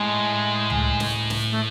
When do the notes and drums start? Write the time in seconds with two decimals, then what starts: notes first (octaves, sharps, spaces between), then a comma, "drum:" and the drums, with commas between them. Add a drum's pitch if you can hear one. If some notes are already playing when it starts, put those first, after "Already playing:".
Already playing: A2 G#3
0.70 drum: tom C#2
1.00 drum: snare
1.30 drum: snare
1.51 A3